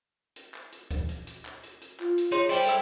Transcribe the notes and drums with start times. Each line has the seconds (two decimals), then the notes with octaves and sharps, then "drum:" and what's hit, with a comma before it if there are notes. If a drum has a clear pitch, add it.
0.36 drum: hi-hat
0.54 drum: clap
0.72 drum: hi-hat
0.91 drum: kick, hi-hat
1.09 drum: hi-hat
1.27 drum: hi-hat
1.45 drum: clap
1.63 drum: hi-hat
1.81 drum: hi-hat
2.00 F4, drum: clap
2.18 drum: hi-hat
2.32 D#4 G#4 C#5 C6
2.50 E4 C5 D5 G5
2.66 A4 E5 E6